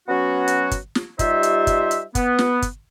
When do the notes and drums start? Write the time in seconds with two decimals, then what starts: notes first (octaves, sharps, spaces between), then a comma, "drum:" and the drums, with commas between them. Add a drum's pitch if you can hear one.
0.09 F#3 B3 C#4 F#4
0.48 drum: hi-hat
0.71 drum: kick, hi-hat
0.95 drum: snare
1.19 G3 D#4 F4 G4 C5 E5, drum: kick, hi-hat
1.43 drum: hi-hat
1.67 drum: kick, hi-hat
1.91 drum: hi-hat
2.15 B3, drum: kick, hi-hat
2.39 drum: snare
2.62 drum: kick, hi-hat